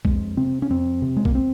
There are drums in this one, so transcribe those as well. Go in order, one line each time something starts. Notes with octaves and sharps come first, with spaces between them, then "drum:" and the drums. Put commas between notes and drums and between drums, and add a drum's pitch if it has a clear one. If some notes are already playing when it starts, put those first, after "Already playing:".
F2 G#3, drum: kick B1
C3 C4
C#4
F2 C4
C3
G#3
A#3, drum: kick B1
C4